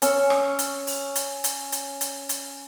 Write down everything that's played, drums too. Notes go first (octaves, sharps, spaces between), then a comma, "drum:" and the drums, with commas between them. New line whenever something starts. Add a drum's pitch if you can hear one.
C#4 C#6 E6, drum: hi-hat
drum: rim click
drum: hi-hat
drum: open hi-hat
drum: hi-hat
drum: hi-hat
drum: hi-hat
drum: hi-hat
drum: hi-hat